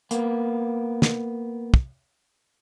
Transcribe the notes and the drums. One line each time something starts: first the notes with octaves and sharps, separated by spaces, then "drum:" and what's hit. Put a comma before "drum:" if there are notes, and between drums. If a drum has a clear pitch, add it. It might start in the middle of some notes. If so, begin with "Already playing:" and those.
A#3 B3, drum: hi-hat
drum: snare
drum: kick